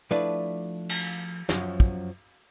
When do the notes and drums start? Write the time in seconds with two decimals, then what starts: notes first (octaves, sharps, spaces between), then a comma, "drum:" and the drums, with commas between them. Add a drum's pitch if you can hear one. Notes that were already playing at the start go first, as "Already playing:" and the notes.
0.11 F3 A3 D4 E4 B4 D5
0.89 drum: cymbal
1.49 F#2 F3 F#3, drum: snare
1.80 drum: kick